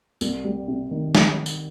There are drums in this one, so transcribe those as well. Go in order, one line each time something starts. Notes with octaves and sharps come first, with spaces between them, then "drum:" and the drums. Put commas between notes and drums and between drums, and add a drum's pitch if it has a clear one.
C2, drum: tambourine
G3
C3
D#3
drum: snare
drum: tambourine